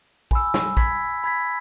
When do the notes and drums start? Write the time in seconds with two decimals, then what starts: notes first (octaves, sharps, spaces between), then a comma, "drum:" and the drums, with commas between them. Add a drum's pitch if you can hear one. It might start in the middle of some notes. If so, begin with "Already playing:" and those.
0.31 G#5 B5 E6, drum: kick
0.54 drum: snare
0.77 B5 G#6 B6, drum: kick
1.24 B5 G#6 B6